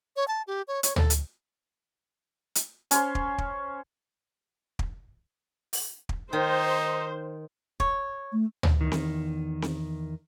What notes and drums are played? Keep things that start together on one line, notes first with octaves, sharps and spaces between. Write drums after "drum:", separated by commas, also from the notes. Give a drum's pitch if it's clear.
C#5
A5
G4
C#5
C#5, drum: hi-hat
A4, drum: tom
drum: hi-hat
drum: hi-hat
C#4 C5 C6, drum: hi-hat
drum: kick
drum: kick
drum: kick
drum: open hi-hat
drum: kick
D#3 D#4 C5
C#5, drum: kick
A3
drum: tom
E2 D#3
drum: snare C4
drum: snare C4